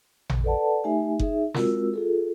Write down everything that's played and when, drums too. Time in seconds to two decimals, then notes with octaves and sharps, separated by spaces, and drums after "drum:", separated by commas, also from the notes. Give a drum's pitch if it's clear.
0.30 drum: tom A1
0.44 A4 B4 D5 F#5 A5
0.84 A3 D#4 G4 E5 G#5
1.19 D#4 G#4 E5, drum: kick F#1
1.54 G#3 C4 F4 F#4 A#4 E6, drum: snare
1.94 F4 G#4 A4